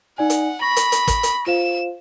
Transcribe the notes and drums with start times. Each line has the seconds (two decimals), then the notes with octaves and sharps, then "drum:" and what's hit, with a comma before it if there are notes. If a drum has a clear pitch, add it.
0.18 D#4 D5 F#5 G#5
0.30 drum: hi-hat
0.61 B5 C#6 A#6 F#7
0.76 drum: hi-hat
0.92 drum: hi-hat
1.08 drum: kick, hi-hat
1.23 drum: hi-hat
1.47 F4 C5 F5 E7